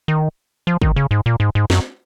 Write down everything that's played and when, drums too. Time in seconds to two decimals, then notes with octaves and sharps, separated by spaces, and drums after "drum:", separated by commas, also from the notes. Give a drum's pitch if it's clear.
0.08 D#3
0.67 F3
0.82 D#3, drum: kick
0.96 C#3
1.11 G#2
1.26 A#2
1.40 G#2
1.55 G#2
1.70 F#2, drum: snare